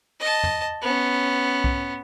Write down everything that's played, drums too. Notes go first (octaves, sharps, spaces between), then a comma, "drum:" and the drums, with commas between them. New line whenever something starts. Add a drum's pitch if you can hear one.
D#5 A5
drum: tom
B3 C#4
drum: kick B1